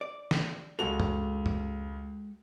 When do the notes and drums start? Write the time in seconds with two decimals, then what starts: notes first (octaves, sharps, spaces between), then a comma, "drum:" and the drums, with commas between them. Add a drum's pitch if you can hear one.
0.01 D5
0.31 drum: snare
0.79 C#2 G#3 F#4 A4 F7
1.00 drum: tom F2
1.46 drum: tom F2